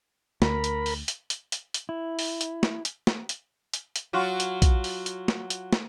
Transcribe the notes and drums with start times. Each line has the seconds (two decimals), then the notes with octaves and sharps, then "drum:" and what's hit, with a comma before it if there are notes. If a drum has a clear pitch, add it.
0.42 D2 A#4 B5, drum: snare
0.64 drum: hi-hat
0.86 drum: open hi-hat
1.08 drum: hi-hat
1.30 drum: hi-hat
1.52 drum: hi-hat
1.74 drum: hi-hat
1.89 E4
2.19 drum: open hi-hat
2.41 drum: hi-hat
2.63 drum: snare
2.85 drum: hi-hat
3.07 drum: snare
3.29 drum: hi-hat
3.73 drum: hi-hat
3.96 drum: hi-hat
4.13 F#3 F4 F#4
4.40 drum: hi-hat
4.62 drum: kick, hi-hat
4.84 drum: open hi-hat
5.06 drum: hi-hat
5.28 drum: snare
5.50 drum: hi-hat
5.73 drum: snare